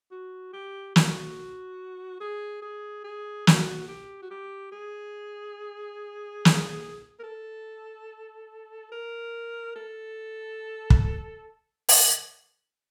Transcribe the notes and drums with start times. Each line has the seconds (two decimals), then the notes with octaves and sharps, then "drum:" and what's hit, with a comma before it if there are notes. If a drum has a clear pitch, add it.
0.11 F#4
0.53 G4
0.96 F#4, drum: snare
2.21 G#4
2.62 G#4
3.04 G#4
3.47 F#4, drum: snare
3.88 G4
4.22 F#4
4.31 G4
4.72 G#4
6.45 drum: snare
7.20 A#4
7.24 A4
8.92 A#4
9.76 A4
10.90 drum: kick
11.89 drum: open hi-hat